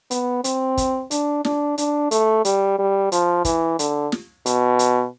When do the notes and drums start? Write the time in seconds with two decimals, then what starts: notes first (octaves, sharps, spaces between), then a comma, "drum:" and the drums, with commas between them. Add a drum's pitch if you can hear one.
0.11 B3, drum: hi-hat
0.44 C4, drum: hi-hat
0.77 drum: kick, hi-hat
1.11 D4, drum: hi-hat
1.45 D4, drum: snare
1.78 D4, drum: hi-hat
2.11 A3, drum: hi-hat
2.45 G3, drum: hi-hat
2.78 G3
3.12 F3, drum: hi-hat
3.45 E3, drum: kick, hi-hat
3.79 D3, drum: hi-hat
4.12 drum: snare
4.46 B2, drum: hi-hat
4.79 drum: hi-hat